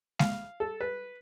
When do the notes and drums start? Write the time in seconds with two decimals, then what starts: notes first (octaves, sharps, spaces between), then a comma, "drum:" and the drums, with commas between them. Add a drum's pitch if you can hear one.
0.19 F5, drum: snare G#3
0.60 A4
0.81 B4